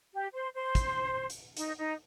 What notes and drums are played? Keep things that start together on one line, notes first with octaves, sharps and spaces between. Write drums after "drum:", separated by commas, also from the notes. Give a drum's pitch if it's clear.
G4
C5
C5
drum: kick, hi-hat
drum: hi-hat
D#4, drum: hi-hat
D#4